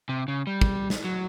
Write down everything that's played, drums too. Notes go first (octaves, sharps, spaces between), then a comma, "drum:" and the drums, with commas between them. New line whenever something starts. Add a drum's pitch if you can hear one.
C3
C#3
G3
drum: kick
drum: snare
F#3